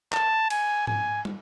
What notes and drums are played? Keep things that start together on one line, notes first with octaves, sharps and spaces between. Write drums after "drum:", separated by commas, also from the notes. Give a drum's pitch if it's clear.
A5, drum: clap
G#5, drum: cymbal
G#5, drum: tom G#2
drum: tom